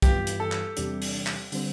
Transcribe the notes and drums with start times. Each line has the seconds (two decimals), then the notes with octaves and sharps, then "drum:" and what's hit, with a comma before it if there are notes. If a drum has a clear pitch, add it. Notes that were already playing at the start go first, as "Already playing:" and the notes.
0.02 G2 E3 B3 F4 G4, drum: kick, hi-hat
0.27 drum: hi-hat
0.40 A4
0.52 drum: clap
0.77 E2 C3 G3 D4, drum: hi-hat
1.02 drum: open hi-hat
1.27 drum: clap
1.52 D3 G3 C4, drum: open hi-hat